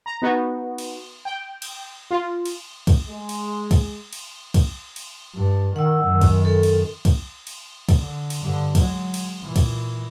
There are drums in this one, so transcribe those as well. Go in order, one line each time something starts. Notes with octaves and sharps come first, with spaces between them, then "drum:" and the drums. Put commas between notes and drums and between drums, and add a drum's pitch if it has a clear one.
A#5
B3 D#4 F#4
drum: cymbal
G5
drum: cymbal
F4
drum: cymbal
drum: kick, cymbal
G#3
drum: cymbal
drum: kick, cymbal
drum: cymbal
drum: kick, cymbal
drum: cymbal
G2
D#3 F#5 E6
F#2 D#3
drum: kick, cymbal
A4
drum: cymbal
drum: kick, cymbal
drum: cymbal
drum: kick, cymbal
D3
drum: cymbal
G2 D3
F#3 G#3, drum: kick, cymbal
drum: cymbal
A#2 E3
drum: kick, cymbal